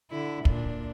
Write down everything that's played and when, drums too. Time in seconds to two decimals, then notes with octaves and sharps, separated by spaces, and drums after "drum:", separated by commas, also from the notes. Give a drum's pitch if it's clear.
0.11 D3 E4
0.45 A#2 D4, drum: kick